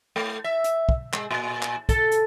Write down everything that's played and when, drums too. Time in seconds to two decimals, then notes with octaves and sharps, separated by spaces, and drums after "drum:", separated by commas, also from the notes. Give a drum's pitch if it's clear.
0.16 A3
0.44 E5
0.64 drum: hi-hat
0.89 drum: kick
1.13 G#3, drum: clap
1.31 A#2
1.62 drum: clap
1.89 A4, drum: kick, hi-hat
2.11 drum: hi-hat